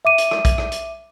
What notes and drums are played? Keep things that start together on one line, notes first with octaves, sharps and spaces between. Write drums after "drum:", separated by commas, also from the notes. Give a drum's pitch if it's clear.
E5 D6 D#7
drum: hi-hat
drum: rim click
drum: kick A#1, hi-hat
drum: rim click
drum: hi-hat